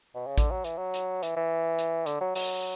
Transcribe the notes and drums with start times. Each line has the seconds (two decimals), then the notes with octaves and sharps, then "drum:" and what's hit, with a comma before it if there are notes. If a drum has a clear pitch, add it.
0.15 B2
0.27 C#3
0.38 D3, drum: kick A1, hi-hat
0.51 F#3
0.64 E3, drum: hi-hat
0.78 F#3
0.94 drum: hi-hat
1.23 E3, drum: hi-hat
1.37 E3
1.79 drum: hi-hat
2.06 D3, drum: hi-hat
2.21 F#3
2.35 F#3, drum: open hi-hat